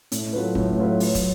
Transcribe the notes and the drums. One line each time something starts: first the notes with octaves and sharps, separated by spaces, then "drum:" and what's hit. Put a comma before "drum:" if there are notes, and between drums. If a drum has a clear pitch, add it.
A2, drum: hi-hat
F#3 A3 F4 B4
A2, drum: kick
F#3 A3 F4 B4
F#3, drum: open hi-hat
drum: kick, hi-hat